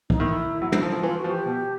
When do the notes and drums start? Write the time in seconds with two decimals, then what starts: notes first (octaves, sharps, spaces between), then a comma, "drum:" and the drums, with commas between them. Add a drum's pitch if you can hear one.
0.10 D#4, drum: kick
0.19 D#3 E4
0.62 F#3
0.72 F#3, drum: tom
0.82 F3
0.92 F3
1.03 E3 F4
1.18 F#4
1.24 F3
1.31 G4
1.46 B2